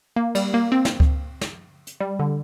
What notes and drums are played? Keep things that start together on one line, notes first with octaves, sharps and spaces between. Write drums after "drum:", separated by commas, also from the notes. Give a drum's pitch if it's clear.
A#3
G3, drum: cymbal
A#3
C4
drum: snare
drum: kick C#2
drum: snare
drum: hi-hat
G3
D3